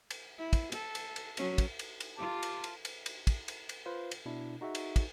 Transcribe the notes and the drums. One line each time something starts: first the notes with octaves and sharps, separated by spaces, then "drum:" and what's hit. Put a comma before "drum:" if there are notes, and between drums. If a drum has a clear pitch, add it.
drum: cymbal
E4
drum: kick, cymbal
A4, drum: cymbal
drum: cymbal
drum: cymbal
F#3 C#4, drum: cymbal
drum: kick, cymbal
drum: cymbal
drum: cymbal
F4 G4 A5
drum: cymbal
drum: cymbal
drum: cymbal
drum: cymbal
drum: kick, cymbal
drum: cymbal
drum: cymbal
F4 B4 C5 F5
drum: cymbal
B2 D4 E4
D#4 F#4 G#4 E5 F#5
drum: cymbal
drum: kick, cymbal